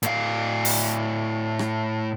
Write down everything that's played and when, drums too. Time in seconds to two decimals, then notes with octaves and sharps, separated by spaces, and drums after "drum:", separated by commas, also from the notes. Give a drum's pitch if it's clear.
0.03 A2 F5, drum: hi-hat
0.65 drum: open hi-hat
1.59 drum: rim click